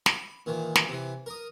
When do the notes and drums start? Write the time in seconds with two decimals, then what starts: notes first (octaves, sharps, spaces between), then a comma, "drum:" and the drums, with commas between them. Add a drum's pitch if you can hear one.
0.06 B5, drum: snare
0.46 A#2 D#3 E3
0.76 drum: snare
0.89 C3 E3
1.26 A#4 D#6